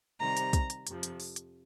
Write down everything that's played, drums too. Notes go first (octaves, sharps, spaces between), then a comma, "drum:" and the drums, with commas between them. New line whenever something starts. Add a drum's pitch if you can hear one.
C3 D#3 G3 C4 A#5
drum: hi-hat
drum: kick, hi-hat
drum: hi-hat
F2 C3 F3, drum: hi-hat
drum: hi-hat
drum: open hi-hat
drum: hi-hat